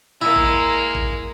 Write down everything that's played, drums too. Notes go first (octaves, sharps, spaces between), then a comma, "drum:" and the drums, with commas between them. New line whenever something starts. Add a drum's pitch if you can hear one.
G#3 A#3 E4
drum: kick A1
drum: kick A1